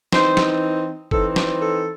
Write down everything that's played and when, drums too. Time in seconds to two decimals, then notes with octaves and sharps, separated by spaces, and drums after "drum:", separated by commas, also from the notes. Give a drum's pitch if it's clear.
0.12 E3 C4 D#4 C5, drum: snare
0.37 drum: snare
1.11 E3 C4 D#4 A4, drum: kick G1
1.36 drum: snare
1.61 A4